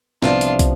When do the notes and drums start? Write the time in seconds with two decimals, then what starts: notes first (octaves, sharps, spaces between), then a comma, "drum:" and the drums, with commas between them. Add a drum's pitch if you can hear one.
0.22 C2 C3 F3 B3 D4 F4, drum: snare
0.41 drum: hi-hat
0.59 drum: kick, hi-hat